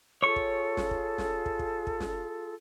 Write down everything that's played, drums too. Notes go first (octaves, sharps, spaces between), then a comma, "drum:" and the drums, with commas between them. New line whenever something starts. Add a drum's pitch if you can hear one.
F4 G#4 A4 C#5 C#6
drum: kick
drum: snare
drum: kick
drum: snare
drum: kick
drum: kick
drum: kick
drum: snare